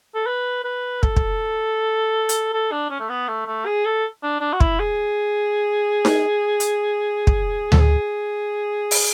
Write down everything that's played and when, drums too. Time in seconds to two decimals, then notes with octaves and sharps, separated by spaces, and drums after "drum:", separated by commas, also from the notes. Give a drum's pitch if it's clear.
0.15 A4
0.27 B4
0.64 B4
1.03 A4, drum: kick
1.16 drum: kick
2.29 drum: hi-hat
2.53 A4
2.72 D4
2.90 C#4
3.00 A3
3.09 B3
3.28 A3
3.47 A3
3.66 G#4
3.85 A4
4.23 D4
4.41 D4
4.53 F#4
4.60 E4, drum: kick
4.80 G#4
6.05 drum: snare D#4
6.60 drum: hi-hat
7.27 drum: kick
7.72 A4, drum: tom D2
7.80 G#4
8.91 drum: open hi-hat